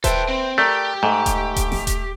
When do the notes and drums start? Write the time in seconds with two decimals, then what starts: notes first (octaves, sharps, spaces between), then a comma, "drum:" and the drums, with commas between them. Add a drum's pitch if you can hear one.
0.04 A4 B4 C5 E5 G5, drum: kick D#1, hi-hat
0.28 C4
0.58 A3 G4 A#4 D5 A#5
1.03 G#2 A3
1.26 drum: kick D#1, hi-hat
1.56 drum: kick D#1, hi-hat
1.72 drum: snare F1
1.87 drum: kick D#1, hi-hat